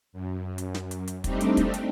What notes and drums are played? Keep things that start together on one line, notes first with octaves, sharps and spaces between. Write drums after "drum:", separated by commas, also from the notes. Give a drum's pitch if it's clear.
F#2
drum: hi-hat
drum: snare
drum: hi-hat
drum: hi-hat
G3 A3 C4 D4 D#4 G4, drum: kick, hi-hat
drum: hi-hat
drum: kick, hi-hat
drum: hi-hat